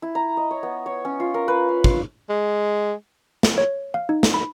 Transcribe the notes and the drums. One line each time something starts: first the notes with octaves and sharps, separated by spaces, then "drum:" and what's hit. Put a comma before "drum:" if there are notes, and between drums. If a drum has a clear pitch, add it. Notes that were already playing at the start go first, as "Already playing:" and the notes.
E4
A#5
D#5
C#5
B3
C#5
C#4
F4
A#4
B4
F5
C6, drum: kick
G#3
drum: snare
C#5
F5
D#4
drum: snare
B5